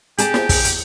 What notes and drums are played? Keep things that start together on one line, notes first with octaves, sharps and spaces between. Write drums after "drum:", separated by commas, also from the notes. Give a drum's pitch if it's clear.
G4 G#4 A5, drum: hi-hat
drum: snare
drum: kick, open hi-hat
drum: hi-hat